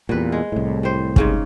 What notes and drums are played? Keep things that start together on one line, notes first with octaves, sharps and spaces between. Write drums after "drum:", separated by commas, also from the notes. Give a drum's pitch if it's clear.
E2 G2 A#2 B4
G#3
C2 A2
G3 C5
G#2 C#3 C#4, drum: kick